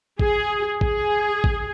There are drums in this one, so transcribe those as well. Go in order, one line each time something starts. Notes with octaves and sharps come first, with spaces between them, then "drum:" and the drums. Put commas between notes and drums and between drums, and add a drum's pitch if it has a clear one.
G#4, drum: kick A1
G#4, drum: kick A1
drum: kick A1